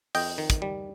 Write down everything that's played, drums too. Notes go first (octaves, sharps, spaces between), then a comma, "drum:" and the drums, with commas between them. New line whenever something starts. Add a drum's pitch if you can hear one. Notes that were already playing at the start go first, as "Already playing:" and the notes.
F2 D#5 G5, drum: open hi-hat
D#3
drum: kick, hi-hat
G3